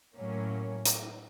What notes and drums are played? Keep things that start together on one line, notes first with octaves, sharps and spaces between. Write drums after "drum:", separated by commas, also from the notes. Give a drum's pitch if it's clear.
A2 F#3 A#3 C#4
drum: hi-hat